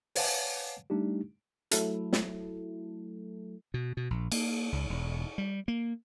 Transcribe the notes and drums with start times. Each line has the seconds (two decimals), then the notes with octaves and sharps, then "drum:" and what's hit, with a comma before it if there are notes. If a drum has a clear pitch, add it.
0.15 B4 C#5 F5 F#5 G#5 A5, drum: open hi-hat
0.90 G3 A3 D4 D#4 G4
1.71 F#3 A3 E4 A4, drum: hi-hat
2.13 drum: snare
3.74 B2
3.97 B2
4.10 A#1
4.32 A#3, drum: cymbal
4.72 C#2
4.90 E1
5.38 G3
5.68 A#3